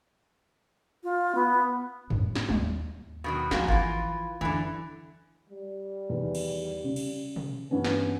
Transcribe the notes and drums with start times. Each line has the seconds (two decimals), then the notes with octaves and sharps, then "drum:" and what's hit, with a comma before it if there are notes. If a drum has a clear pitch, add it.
1.04 F4
1.35 B3
2.10 A2 G3, drum: tom
2.35 drum: snare
2.49 D#2 G#2, drum: tom
3.24 B2 D#3 F#3
3.51 F3 G#3 A#3 F#4, drum: snare
3.68 E3 F4, drum: kick G1
4.41 F#2 D3 E3
5.49 G3
6.09 E2 D#3
6.35 drum: cymbal
6.84 C#3
6.96 drum: cymbal
7.36 drum: tom B2
7.71 G2 E3 B3 C#4
7.85 drum: snare